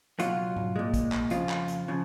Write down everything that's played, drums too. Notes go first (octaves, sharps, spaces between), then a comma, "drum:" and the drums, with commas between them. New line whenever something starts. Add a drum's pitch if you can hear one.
C#2 B2 F#3 F4, drum: hi-hat
drum: tom G#2
A#2 G#3
drum: kick, hi-hat
drum: clap
F2 C#3 F3 F4, drum: hi-hat
drum: clap
drum: hi-hat
C#3 F3